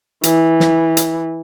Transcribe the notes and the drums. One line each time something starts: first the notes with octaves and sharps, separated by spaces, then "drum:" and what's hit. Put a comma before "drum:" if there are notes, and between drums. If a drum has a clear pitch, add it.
E3, drum: hi-hat
drum: snare
drum: hi-hat